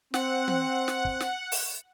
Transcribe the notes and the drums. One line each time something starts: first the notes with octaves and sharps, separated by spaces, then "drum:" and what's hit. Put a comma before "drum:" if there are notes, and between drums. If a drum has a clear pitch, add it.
C4 F#5, drum: snare
drum: tom E3
drum: snare
drum: kick
drum: snare
drum: open hi-hat